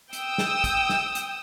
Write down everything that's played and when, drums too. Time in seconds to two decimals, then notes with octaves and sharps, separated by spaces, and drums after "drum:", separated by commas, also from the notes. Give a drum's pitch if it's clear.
0.13 G5 D#6 E6, drum: hi-hat
0.38 drum: snare
0.64 drum: kick, hi-hat
0.89 drum: snare
1.15 drum: hi-hat